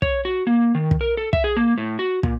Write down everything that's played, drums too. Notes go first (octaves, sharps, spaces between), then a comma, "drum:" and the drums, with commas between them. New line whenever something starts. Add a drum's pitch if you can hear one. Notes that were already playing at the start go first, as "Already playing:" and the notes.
C#5, drum: kick
F#4
A#3
D#3
drum: kick
A#4
A4
E5, drum: kick
G#4
A#3
A2
F#4
A#2, drum: kick